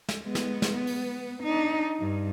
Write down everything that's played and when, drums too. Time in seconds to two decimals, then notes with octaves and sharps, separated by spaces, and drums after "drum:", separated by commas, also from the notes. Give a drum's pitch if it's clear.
0.09 drum: snare
0.23 G#3 B3
0.35 drum: snare
0.62 drum: snare
0.72 B3
0.87 drum: open hi-hat
1.43 D4 D#4
2.00 G2